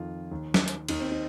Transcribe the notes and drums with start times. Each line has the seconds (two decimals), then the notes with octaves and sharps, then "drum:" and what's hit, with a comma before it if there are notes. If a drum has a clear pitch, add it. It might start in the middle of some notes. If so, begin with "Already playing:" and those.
Already playing: F2 D#3 F4
0.31 D#2 D#3
0.54 drum: snare
0.68 drum: hi-hat
0.88 D#2 D#3 D#4, drum: cymbal
1.00 C4
1.12 D#4